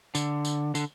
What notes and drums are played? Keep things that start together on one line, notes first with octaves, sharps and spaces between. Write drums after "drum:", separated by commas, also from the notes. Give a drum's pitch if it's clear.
D3, drum: tambourine
drum: tambourine
D3, drum: tambourine